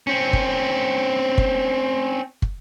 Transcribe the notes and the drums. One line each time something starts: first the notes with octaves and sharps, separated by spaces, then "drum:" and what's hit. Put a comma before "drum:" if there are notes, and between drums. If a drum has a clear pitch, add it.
C4 C#4
drum: kick
drum: kick
drum: kick